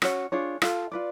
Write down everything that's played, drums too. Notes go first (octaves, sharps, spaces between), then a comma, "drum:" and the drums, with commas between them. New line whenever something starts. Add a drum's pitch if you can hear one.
C#4 F#4 C#5, drum: rim click
D4 F4 G#4 C#5
F4 A4 F5, drum: rim click
F4 B4 D5